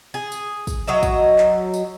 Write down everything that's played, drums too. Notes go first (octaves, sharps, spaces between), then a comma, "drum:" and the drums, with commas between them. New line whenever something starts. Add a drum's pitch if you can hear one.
G#4
drum: tambourine
drum: kick, tambourine
F#3 D#5 E5
drum: kick, tambourine
drum: clap
drum: tambourine